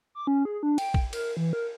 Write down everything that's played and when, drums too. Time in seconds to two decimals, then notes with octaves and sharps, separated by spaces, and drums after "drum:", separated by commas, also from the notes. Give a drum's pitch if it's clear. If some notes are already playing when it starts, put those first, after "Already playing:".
0.15 D6
0.27 C#4
0.45 G#4
0.63 D4
0.78 G5, drum: cymbal
0.94 drum: kick
1.13 A#4, drum: cymbal
1.37 E3
1.53 A#4